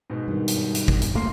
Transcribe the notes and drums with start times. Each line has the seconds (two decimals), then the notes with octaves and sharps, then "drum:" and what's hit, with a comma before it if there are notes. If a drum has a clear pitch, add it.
0.10 G#2 B2
0.28 G2 D#3
0.48 drum: hi-hat
0.75 drum: hi-hat
0.88 drum: kick
1.02 drum: hi-hat
1.15 D1 A3 A#3 C6 C7